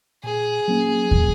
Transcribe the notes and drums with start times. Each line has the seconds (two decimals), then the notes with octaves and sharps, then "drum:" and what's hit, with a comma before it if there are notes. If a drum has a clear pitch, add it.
0.24 A#2 G#4
0.68 F#3 A#3 C#4
1.11 A#2, drum: kick